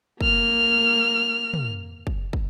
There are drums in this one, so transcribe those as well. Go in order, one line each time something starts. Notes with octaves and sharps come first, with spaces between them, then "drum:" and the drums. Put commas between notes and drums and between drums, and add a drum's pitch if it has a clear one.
A#3 F6, drum: kick
drum: tom
drum: kick
drum: kick